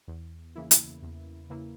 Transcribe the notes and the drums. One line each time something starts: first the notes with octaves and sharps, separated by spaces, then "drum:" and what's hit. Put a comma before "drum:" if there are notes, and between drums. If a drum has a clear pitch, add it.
E2
C#3 E3 A#3 E4
drum: hi-hat
E2
C#3 E3 A#3 E4